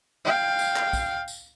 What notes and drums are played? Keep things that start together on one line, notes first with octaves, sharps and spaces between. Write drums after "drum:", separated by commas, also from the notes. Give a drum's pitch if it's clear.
F5 G5
drum: tambourine
drum: clap
drum: kick, tambourine
drum: tambourine